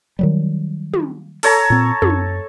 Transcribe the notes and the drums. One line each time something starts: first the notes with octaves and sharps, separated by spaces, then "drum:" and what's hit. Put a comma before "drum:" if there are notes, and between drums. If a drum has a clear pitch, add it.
D#3 F#3 G3
drum: tom
A4 C#5 A#5, drum: open hi-hat
A#2 C4
F#2, drum: tom